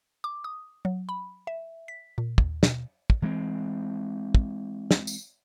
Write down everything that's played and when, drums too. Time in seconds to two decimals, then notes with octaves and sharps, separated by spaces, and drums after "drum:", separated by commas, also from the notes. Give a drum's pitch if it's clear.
0.24 D6
0.44 D#6
0.85 F#3
1.09 B5
1.47 E5
1.88 B6
2.18 A#2
2.38 D#2, drum: kick
2.63 B2, drum: snare
3.10 drum: kick
3.22 E3 G#3 B3 C4
4.35 drum: kick
4.91 drum: snare
5.07 drum: tambourine